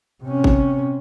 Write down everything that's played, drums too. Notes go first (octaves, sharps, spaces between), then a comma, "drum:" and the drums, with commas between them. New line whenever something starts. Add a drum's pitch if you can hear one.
C3 C#4
drum: kick G1